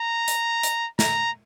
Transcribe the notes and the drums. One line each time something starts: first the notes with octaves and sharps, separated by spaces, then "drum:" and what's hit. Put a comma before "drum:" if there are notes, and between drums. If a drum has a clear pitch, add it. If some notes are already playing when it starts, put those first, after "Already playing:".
Already playing: A#5
drum: hi-hat
drum: hi-hat
A#5, drum: snare